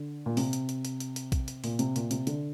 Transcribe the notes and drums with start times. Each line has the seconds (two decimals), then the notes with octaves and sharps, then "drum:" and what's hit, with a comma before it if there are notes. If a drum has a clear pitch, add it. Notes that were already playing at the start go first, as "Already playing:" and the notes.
Already playing: D3
0.26 A#2
0.37 C3, drum: open hi-hat
0.53 drum: hi-hat
0.69 drum: hi-hat
0.85 drum: hi-hat
1.00 drum: hi-hat
1.16 drum: hi-hat
1.32 drum: kick A#1, hi-hat
1.48 drum: hi-hat
1.64 A#2, drum: open hi-hat
1.79 C3, drum: hi-hat
1.96 A#2, drum: hi-hat
2.11 C3, drum: hi-hat
2.27 D3, drum: hi-hat